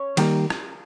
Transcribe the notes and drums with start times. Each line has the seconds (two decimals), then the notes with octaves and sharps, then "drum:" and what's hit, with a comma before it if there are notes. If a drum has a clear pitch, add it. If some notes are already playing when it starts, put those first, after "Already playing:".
Already playing: C#4 C#5
0.17 D#3 G3 A#3, drum: cymbal
0.50 drum: rim click